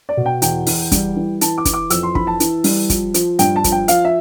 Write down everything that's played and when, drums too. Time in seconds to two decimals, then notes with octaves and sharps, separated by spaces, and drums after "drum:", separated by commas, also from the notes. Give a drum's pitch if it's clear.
0.09 D5
0.17 B2
0.26 G5
0.42 E2 G5, drum: hi-hat
0.67 E2, drum: open hi-hat
0.92 G3, drum: kick, hi-hat
1.16 E3
1.41 E3 A5, drum: hi-hat
1.58 D6
1.65 E3, drum: kick, hi-hat
1.74 D6
1.90 F2 E6, drum: hi-hat
2.03 C6
2.15 E3 B5, drum: kick
2.27 A5
2.40 E3, drum: hi-hat
2.64 G3, drum: open hi-hat
2.90 F3, drum: kick, hi-hat
3.14 F3, drum: hi-hat
3.39 G2 G5, drum: hi-hat
3.56 A5
3.64 F3, drum: kick, hi-hat
3.72 G5
3.88 F3 F5, drum: hi-hat
4.05 E5